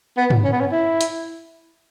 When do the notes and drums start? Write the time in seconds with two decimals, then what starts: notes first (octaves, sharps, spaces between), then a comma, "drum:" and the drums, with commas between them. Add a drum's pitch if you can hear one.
0.17 B3
0.30 drum: tom
0.44 C#4
0.52 B3
0.60 C#4
0.72 E4
1.01 drum: hi-hat